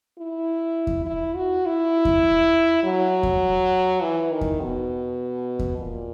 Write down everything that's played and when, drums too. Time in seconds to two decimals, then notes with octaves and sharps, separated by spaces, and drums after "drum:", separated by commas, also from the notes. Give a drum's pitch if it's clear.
0.18 E4
0.87 drum: kick E2
1.06 E4
1.36 F#4
1.66 E4
2.05 drum: kick E2
2.83 F#3
3.23 drum: kick E2
4.03 E3
4.31 D#3
4.41 drum: kick E2
4.61 B2
5.59 drum: kick E2
5.78 A#2